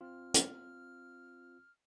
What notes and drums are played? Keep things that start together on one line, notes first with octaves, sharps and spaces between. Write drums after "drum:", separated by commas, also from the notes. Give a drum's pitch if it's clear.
C4 F4 F6
drum: hi-hat